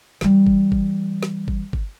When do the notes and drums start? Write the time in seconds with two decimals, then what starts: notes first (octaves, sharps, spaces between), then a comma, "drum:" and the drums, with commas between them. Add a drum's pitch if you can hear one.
0.21 E3 G3, drum: snare
0.47 drum: kick G1
0.72 drum: kick G1
1.23 drum: snare
1.48 drum: kick G1
1.73 drum: kick G1